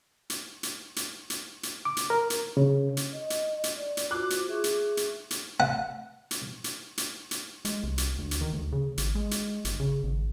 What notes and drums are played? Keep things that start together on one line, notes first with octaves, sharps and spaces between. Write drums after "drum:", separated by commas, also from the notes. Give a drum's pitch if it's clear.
drum: hi-hat
drum: hi-hat
drum: hi-hat
drum: hi-hat
drum: hi-hat
D6
drum: hi-hat
A#4
drum: hi-hat
C#3
drum: hi-hat
D#5
drum: hi-hat
drum: hi-hat
D5
drum: hi-hat
F4 F#4 C5 D6 F#6
drum: hi-hat
G#4 E5 C#6
drum: hi-hat
drum: hi-hat
drum: hi-hat
F#5
drum: hi-hat
drum: hi-hat
drum: hi-hat
drum: hi-hat
G#3, drum: hi-hat
C2
drum: hi-hat
D2
drum: hi-hat
D#3
D2
C#3
G#1, drum: hi-hat
G#3
drum: hi-hat
G1, drum: hi-hat
C#3
G#1